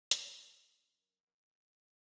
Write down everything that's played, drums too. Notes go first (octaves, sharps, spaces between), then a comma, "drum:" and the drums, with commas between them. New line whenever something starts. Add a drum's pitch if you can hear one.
F#2 A#4, drum: hi-hat
G#4